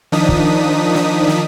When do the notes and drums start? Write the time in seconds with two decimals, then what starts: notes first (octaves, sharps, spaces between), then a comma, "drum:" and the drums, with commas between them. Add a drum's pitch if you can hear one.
0.12 D#3 F3 D4 D#4 D#6 B6
0.29 drum: kick
0.95 drum: snare
1.28 drum: snare